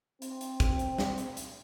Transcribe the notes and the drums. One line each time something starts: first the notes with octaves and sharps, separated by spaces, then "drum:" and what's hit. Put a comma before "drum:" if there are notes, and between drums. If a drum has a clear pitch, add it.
C4, drum: hi-hat
drum: hi-hat
drum: kick, hi-hat
drum: hi-hat
drum: snare
drum: hi-hat
drum: hi-hat